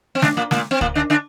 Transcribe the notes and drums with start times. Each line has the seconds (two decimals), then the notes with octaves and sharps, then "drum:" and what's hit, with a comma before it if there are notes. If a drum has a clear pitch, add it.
0.15 C4
0.22 D3 D4, drum: snare
0.37 A#2 A#3
0.51 A#2 A#3, drum: snare
0.71 C4
0.81 A#2 A#3, drum: kick C#2
0.95 D3 D4
1.10 D3 D4